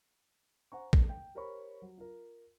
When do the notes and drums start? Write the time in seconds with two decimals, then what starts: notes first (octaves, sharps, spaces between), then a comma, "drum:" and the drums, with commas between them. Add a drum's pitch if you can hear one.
0.72 C5 F#5 G#5 A#5 C#6
0.93 A3 A4, drum: kick
1.09 G5
1.35 G4 A#4 C5 C#5 B5 C#6
1.82 F#3
1.98 F4 A#4